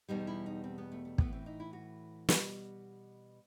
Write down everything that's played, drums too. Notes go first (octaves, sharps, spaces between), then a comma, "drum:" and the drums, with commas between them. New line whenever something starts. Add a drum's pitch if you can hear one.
E2 B2 G3 D#4
E4
D#4
C4
B3
A3
A3
A2 E3 A3 B3, drum: kick
C4
D#4
E4
F#4
B2 G3, drum: snare